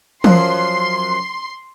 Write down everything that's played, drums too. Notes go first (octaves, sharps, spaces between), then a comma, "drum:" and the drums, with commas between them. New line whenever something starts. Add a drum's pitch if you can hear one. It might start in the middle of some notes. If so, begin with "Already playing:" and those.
F#2 F3 F#3 C6, drum: tom E3